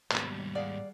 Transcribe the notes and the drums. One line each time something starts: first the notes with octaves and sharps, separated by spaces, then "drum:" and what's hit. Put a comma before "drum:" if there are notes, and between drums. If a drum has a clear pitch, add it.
D#2 G#2 B2 G3, drum: clap
G#4 D5 F5 F#5